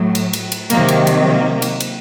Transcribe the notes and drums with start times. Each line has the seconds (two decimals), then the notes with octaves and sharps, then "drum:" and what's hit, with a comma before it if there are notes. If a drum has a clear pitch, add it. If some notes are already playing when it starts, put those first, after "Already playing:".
Already playing: A2 F#3
0.15 drum: cymbal
0.33 drum: cymbal
0.52 drum: cymbal
0.70 C3 D#3 F#3 A#3, drum: cymbal
0.89 drum: cymbal
1.07 drum: cymbal
1.26 A#3
1.62 drum: cymbal
1.80 drum: cymbal